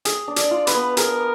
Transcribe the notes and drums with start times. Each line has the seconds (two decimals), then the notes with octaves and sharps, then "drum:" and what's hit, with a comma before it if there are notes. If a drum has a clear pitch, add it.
0.05 G#4, drum: hi-hat
0.28 D4
0.36 D5, drum: hi-hat
0.51 F4
0.67 B4, drum: hi-hat
0.74 B3
0.97 G#4 A#4, drum: hi-hat